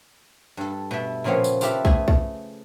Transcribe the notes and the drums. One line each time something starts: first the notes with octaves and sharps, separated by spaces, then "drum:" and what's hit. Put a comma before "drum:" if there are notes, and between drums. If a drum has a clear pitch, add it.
G2 A4
B2 E5
A#2 C#3 F3 B3 C4 C#5
drum: tambourine
F4 G4 A4 B4 E5, drum: tambourine
A3 G#4, drum: kick
drum: kick